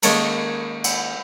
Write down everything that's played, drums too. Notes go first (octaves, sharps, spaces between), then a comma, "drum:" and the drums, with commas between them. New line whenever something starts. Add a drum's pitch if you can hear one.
D#3 G#3 A#3 C#4 A4 A#4, drum: cymbal
drum: cymbal